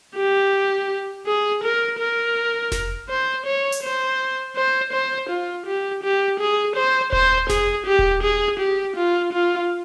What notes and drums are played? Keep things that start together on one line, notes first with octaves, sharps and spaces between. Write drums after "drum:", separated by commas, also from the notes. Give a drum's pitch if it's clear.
G4
G#4
A#4
A#4
drum: snare F1
C5
C#5
drum: hi-hat
C5
C5
C5
F4
G4
G4
G#4
C5
C5, drum: kick D#1
G#4, drum: snare F1
G4
drum: kick D#1
G#4
G4
F4
F4